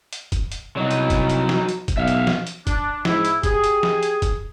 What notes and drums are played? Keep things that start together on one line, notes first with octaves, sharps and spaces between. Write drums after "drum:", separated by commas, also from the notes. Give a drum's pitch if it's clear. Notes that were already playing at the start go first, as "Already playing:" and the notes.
drum: hi-hat
drum: kick, hi-hat
drum: hi-hat
C2 F#3 D#4
drum: hi-hat
drum: kick, hi-hat
drum: hi-hat
drum: snare F3
drum: hi-hat
drum: kick, hi-hat
B1 E5 F5
drum: hi-hat
drum: snare F3
drum: hi-hat
D4, drum: kick, hi-hat
G#2 E4, drum: snare F3
drum: hi-hat
G4 G#4, drum: kick, hi-hat
drum: hi-hat
drum: snare F3
drum: hi-hat
drum: kick, hi-hat